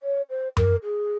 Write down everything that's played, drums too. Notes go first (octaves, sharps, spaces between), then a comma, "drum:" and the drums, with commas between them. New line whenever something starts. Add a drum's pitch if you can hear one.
C#5
C5
A#4, drum: tom F#2
G#4